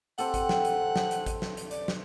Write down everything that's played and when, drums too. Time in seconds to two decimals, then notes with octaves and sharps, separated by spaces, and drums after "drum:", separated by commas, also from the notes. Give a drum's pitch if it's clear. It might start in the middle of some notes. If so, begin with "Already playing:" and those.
0.18 C4 G4 A4 F#5, drum: hi-hat
0.34 drum: kick G#1, hi-hat
0.49 drum: snare
0.65 drum: hi-hat
0.96 drum: snare
1.11 drum: hi-hat
1.26 drum: kick G#1, hi-hat
1.42 drum: snare
1.57 drum: hi-hat
1.71 D5, drum: hi-hat
1.88 drum: snare